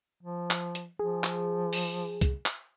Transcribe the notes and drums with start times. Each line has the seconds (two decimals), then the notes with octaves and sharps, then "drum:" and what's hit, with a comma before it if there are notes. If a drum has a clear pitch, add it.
0.23 F3
0.51 drum: clap
0.75 drum: hi-hat
0.99 F3 G#4
1.24 drum: clap
1.73 drum: open hi-hat
2.21 drum: kick C2, hi-hat
2.46 drum: clap